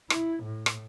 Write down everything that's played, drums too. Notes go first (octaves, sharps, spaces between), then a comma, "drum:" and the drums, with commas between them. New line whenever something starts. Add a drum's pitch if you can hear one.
E4, drum: rim click
A2
drum: rim click